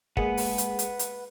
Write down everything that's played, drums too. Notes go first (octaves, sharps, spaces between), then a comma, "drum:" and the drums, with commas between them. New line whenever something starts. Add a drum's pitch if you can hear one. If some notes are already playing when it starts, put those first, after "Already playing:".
G#3 A#3 G#4 B4 F#5, drum: kick
drum: open hi-hat
drum: hi-hat
drum: hi-hat
drum: hi-hat